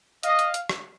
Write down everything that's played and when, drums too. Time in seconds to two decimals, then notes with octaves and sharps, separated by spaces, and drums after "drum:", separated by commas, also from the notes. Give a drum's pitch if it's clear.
0.23 D#5 F5, drum: hi-hat
0.39 drum: hi-hat
0.54 drum: hi-hat
0.69 drum: rim click